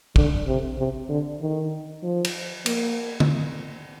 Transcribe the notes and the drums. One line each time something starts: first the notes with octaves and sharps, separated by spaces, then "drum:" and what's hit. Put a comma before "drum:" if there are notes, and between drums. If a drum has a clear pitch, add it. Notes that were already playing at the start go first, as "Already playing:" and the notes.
D3, drum: kick
C3
C3
D3
D#3
F3
drum: cymbal
A#3, drum: cymbal
drum: tom D3